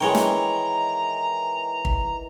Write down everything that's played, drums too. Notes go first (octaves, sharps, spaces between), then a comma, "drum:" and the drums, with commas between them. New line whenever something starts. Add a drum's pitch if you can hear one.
D#3 E3 G#3 C#5 G5 A#5
drum: snare
drum: kick